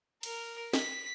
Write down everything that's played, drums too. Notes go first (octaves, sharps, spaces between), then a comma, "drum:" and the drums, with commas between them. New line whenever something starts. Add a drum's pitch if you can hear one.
A#4, drum: cymbal
B6, drum: snare